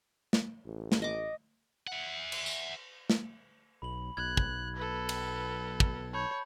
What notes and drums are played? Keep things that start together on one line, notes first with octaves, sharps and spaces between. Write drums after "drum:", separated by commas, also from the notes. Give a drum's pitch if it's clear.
drum: snare
A1
drum: snare
D#5 D6
E5 F#5
drum: cymbal
drum: tambourine
drum: snare
B1 B5 F#7
B1 F#6 G#6
drum: kick
A4 B4
drum: cymbal
drum: kick
C#5 A5 B5 G6